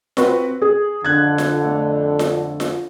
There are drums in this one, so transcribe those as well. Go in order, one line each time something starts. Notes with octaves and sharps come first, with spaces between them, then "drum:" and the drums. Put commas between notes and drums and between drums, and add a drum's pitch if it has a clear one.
C4 F#4 B4, drum: snare F4
G#4
F2 D3 F#6 G#6
drum: snare F4
A3
drum: snare F4
drum: snare F4